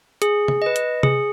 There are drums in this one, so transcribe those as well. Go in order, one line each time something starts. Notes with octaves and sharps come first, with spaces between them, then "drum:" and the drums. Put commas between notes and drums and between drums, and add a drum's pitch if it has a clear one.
G#4, drum: hi-hat
drum: tom C3
B4 D#5
drum: hi-hat
G#4, drum: tom C3